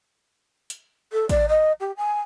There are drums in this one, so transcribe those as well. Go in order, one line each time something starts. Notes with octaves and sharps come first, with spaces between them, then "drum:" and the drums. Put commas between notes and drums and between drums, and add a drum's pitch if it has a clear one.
drum: hi-hat
A4
D5, drum: kick, hi-hat
D#5
G4
G#5